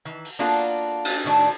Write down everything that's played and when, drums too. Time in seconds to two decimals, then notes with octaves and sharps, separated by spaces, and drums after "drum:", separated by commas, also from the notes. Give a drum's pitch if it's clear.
0.05 D#3 E3
0.25 drum: open hi-hat
0.39 A#3 B3 D4 F4 F#4 A4
1.05 drum: cymbal
1.24 A2 D#3 D4